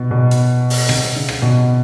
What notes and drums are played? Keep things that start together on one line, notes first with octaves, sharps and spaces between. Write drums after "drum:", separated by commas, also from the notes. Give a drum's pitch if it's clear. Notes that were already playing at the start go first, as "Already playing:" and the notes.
Already playing: B2
B2
drum: hi-hat
drum: open hi-hat
C3, drum: rim click
C#3
drum: rim click
B2